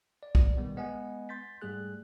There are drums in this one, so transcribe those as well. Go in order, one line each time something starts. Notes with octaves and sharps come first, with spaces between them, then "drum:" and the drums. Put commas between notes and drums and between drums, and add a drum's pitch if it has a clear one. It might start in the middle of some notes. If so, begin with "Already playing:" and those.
D5
drum: kick
B2 D#3 G3 B3
G#3 B3 D#5 F#5 G#5
C6 G6 A6 B6
G#2 G3 A3 G#4 F#6